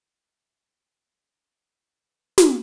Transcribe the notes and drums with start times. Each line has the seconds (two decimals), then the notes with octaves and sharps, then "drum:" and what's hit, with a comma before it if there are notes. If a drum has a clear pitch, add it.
0.23 E5
0.67 G5
1.12 D4
1.97 G#3 B4
2.38 drum: snare